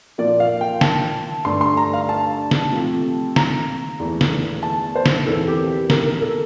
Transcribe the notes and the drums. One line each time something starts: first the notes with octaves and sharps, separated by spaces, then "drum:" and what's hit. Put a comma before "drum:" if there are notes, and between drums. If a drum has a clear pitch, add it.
A#2 F3 A#3 D5
F5
G5
A5, drum: snare
G2 D3 A3 C6
C6
A#5
F5
A5
drum: snare
C3 F3 A3
A#5, drum: snare
E2 E3 A3
drum: snare
A5
C5
drum: snare
E2 C3 E3 A#3 A4
G4
A#4, drum: snare
A#4
A4